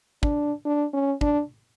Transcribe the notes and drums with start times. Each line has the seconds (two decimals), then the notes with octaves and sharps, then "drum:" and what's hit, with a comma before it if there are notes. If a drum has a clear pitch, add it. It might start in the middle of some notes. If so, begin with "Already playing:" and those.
0.23 D4, drum: kick
0.65 D4
0.93 C#4
1.21 D4, drum: kick